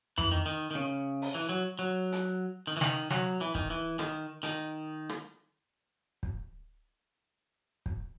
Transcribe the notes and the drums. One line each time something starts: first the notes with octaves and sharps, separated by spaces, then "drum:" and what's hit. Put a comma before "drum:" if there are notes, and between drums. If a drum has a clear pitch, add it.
E3, drum: tom F2
D#3
D#3
D#3
C#3
drum: open hi-hat
E3
F#3
F#3
drum: hi-hat
D#3
E3
D#3, drum: snare
F#3, drum: snare
E3
D#3, drum: kick
E3
D#3, drum: rim click
D#3, drum: hi-hat
drum: rim click
drum: kick
drum: kick